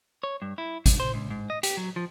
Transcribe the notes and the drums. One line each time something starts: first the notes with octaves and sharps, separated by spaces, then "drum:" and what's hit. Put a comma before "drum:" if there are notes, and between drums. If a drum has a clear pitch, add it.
C#5
G2
E4
G2, drum: kick, hi-hat
C5
C#2
G#2
D#5
G4, drum: hi-hat
F#3
F3